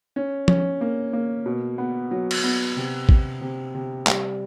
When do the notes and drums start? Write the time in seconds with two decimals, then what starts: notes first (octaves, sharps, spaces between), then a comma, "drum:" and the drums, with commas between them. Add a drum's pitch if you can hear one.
0.16 C#4
0.48 C#4, drum: tom
0.81 A#3
1.13 A#3
1.46 B2
1.78 B3
2.11 F#3
2.31 drum: cymbal
2.43 B3
2.76 C3
3.09 C3, drum: kick A1
3.41 C3
3.75 C3
4.07 G3, drum: clap